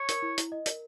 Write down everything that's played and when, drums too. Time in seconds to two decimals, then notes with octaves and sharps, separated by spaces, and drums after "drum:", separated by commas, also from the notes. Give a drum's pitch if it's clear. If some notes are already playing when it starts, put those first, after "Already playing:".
Already playing: C#5
0.09 A#4, drum: hi-hat
0.22 E4
0.38 E4, drum: hi-hat
0.52 D#5
0.66 A#4, drum: hi-hat